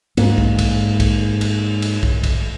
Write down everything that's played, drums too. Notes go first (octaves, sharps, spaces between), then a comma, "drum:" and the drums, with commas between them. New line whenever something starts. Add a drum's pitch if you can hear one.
G#2 A#3, drum: cymbal
drum: kick
drum: kick, cymbal
drum: kick, cymbal
drum: cymbal
drum: cymbal
drum: kick
drum: kick, cymbal